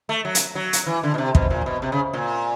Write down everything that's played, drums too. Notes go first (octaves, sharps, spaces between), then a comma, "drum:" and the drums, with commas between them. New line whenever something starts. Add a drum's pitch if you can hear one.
A3
F#3
drum: hi-hat
F#3
drum: hi-hat
E3
D3
B2
C3
B2, drum: kick
A#2
B2
C3
C#3
A#2